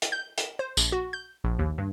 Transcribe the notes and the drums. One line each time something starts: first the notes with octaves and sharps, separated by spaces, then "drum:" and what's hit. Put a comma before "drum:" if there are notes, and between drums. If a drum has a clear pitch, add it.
drum: hi-hat
G6
E7, drum: hi-hat
C5
A#1, drum: tambourine
F#4
G6
A#1
D#2
G2